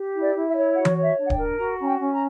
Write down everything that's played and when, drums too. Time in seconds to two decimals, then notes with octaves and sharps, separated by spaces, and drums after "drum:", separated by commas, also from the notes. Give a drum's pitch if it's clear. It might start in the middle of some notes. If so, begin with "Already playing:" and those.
Already playing: G4
0.14 E4
0.21 D5
0.34 E4
0.48 E5
0.55 C#5
0.75 F#4 F#5
0.85 drum: tom E3
0.97 C#5
1.03 E5
1.17 D4
1.24 F#5
1.30 G5, drum: kick D1
1.38 A#4
1.58 F#4 A#5
1.79 C#4 A#5
1.85 G5
1.99 C#4
2.13 A#5